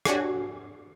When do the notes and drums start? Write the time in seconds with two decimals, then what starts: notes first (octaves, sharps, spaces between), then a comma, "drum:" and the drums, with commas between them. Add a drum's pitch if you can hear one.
0.05 D4 F#4 G4 C#5 G#5, drum: rim click